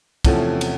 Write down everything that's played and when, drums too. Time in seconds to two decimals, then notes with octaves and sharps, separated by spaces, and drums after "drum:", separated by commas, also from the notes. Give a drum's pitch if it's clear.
0.25 E2 C3 F3 A3 C#4, drum: kick, cymbal
0.61 drum: cymbal